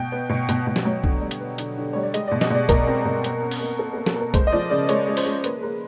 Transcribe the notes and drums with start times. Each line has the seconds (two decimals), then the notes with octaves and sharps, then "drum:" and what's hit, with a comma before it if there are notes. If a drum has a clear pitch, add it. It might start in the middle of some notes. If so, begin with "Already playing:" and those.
Already playing: B2 G5
0.12 B3
0.29 B2
0.49 B2, drum: hi-hat
0.67 B2
0.76 drum: snare
0.85 F#3
1.04 D3, drum: kick B1
1.21 G3
1.31 drum: hi-hat
1.40 B3
1.58 D3, drum: hi-hat
1.77 D3
1.93 G3 C#5
2.03 D5
2.14 G#3 D#5, drum: hi-hat
2.28 B2 D5
2.41 D#5, drum: snare
2.50 B2 D5
2.69 B2 A#4, drum: kick B1, hi-hat
2.87 C4
3.05 B2
3.24 A#3, drum: hi-hat
3.42 C#4
3.51 drum: open hi-hat
3.61 A#3
3.79 A#3 A4
3.93 A#3 A4
4.06 A4, drum: snare
4.15 A#3
4.21 A#4
4.34 G#3 C5, drum: kick B1, hi-hat
4.47 D#5
4.52 F3 D5
4.70 C#3 D5
4.89 G#3 C#5, drum: hi-hat
5.07 G#3
5.17 C5, drum: open hi-hat
5.26 G#3
5.44 A#3 B4, drum: hi-hat
5.63 A#3